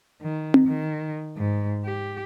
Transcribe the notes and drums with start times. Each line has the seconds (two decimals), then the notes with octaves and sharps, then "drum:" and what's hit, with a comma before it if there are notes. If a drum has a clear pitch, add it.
0.22 D#3
0.54 drum: tom C4
0.68 D#3
1.37 G#2
1.85 G4